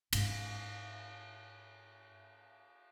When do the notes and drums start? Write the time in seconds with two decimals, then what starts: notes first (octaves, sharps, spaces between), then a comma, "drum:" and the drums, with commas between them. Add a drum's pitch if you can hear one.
0.13 G#2 C#4, drum: cymbal